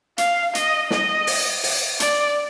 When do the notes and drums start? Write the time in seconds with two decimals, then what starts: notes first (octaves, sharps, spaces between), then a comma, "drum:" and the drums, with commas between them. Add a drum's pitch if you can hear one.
0.18 F5, drum: hi-hat
0.55 D#5, drum: hi-hat
0.91 D#5, drum: snare
1.27 drum: open hi-hat
1.63 drum: open hi-hat
2.00 D5, drum: hi-hat